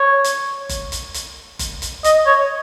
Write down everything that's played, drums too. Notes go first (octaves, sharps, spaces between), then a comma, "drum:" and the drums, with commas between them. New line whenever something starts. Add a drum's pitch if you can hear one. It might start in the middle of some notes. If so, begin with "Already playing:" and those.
Already playing: C#5
drum: hi-hat
drum: kick F#1, hi-hat
drum: hi-hat
drum: hi-hat
drum: kick F#1, hi-hat
drum: hi-hat
D#5, drum: hi-hat
C#5